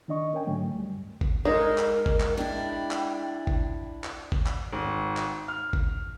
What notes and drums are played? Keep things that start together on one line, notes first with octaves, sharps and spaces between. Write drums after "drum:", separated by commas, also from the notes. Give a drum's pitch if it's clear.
D#3 D4 D#5 C#6
C#4 A#4 C#5 G5 G#5
G#2 D3 F#3 A3
C#2 G3
F#2
drum: kick G#1
G#3 D#4 A#4
drum: clap
drum: kick G#1
drum: clap
D4 E4 G5
drum: clap
drum: kick G#1
drum: clap
drum: kick G#1
drum: clap
G#1
drum: clap
F6
drum: kick G#1